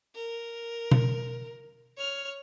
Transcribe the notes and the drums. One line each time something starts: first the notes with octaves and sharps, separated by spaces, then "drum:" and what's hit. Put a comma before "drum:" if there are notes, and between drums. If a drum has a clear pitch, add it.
A#4
drum: tom B2
C#5 F6